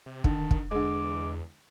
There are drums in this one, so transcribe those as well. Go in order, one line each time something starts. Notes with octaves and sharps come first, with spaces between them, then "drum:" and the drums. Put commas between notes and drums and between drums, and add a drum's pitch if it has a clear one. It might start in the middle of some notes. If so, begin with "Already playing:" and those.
C3
D3 D#3 A5, drum: kick
drum: kick
E2 D3 G#3 D6